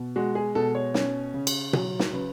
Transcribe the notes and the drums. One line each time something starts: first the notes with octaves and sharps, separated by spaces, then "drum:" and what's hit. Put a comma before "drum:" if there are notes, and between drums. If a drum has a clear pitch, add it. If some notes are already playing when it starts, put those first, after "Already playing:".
Already playing: B2
G#3 F#4
G#4
B2 A4
C#5
C#4, drum: snare
C#3
drum: cymbal
F#3, drum: tom B2
drum: snare
C#3 B4